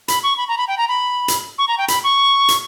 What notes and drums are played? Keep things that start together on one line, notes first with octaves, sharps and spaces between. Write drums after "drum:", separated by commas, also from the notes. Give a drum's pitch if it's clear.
B5, drum: hi-hat
C#6
B5
A#5
B5
G5
A#5
B5
drum: hi-hat
C#6
A#5
G5
B5, drum: hi-hat
C#6
drum: hi-hat